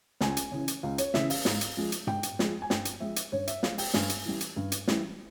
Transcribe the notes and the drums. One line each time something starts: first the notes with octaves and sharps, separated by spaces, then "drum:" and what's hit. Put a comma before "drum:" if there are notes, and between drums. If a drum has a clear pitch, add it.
C#2 G#5, drum: snare
drum: hi-hat
C#3 E3
drum: hi-hat
C#2 F5
C#5, drum: hi-hat
C#3 E3 E5, drum: snare
F5, drum: open hi-hat
G#2, drum: snare
drum: hi-hat
F3 G#3
drum: hi-hat
G#2 G5, drum: tom
drum: hi-hat
F3 G#3, drum: snare
G#5
G2 G5, drum: snare
drum: hi-hat
F3 G#3 E5
drum: hi-hat
G2 C#5
E5, drum: hi-hat
F3 G#3 F5, drum: snare
G5, drum: open hi-hat
G2 G#5, drum: snare
drum: hi-hat
E3 G3
drum: hi-hat
G2
drum: hi-hat
E3 G3, drum: snare